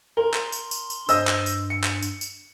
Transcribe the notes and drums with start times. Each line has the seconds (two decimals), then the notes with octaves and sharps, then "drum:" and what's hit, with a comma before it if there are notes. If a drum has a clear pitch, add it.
0.17 A#4 C6
0.34 drum: clap
0.52 drum: tambourine
0.71 drum: tambourine
0.90 drum: tambourine
1.09 G2 C5 D#5 E6, drum: tambourine
1.27 drum: clap
1.46 drum: tambourine
1.70 C#7
1.84 drum: clap
2.02 drum: tambourine
2.21 drum: tambourine